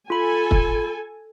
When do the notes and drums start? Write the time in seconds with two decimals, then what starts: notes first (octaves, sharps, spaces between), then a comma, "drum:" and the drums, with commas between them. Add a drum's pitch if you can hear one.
0.10 F4 A4 G#5 B5
0.51 drum: kick